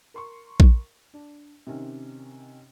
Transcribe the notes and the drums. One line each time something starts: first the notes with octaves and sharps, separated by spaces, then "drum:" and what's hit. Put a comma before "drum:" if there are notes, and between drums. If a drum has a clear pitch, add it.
A#4 C6 C#6
drum: kick A#1
D4
C3 D#3 C#4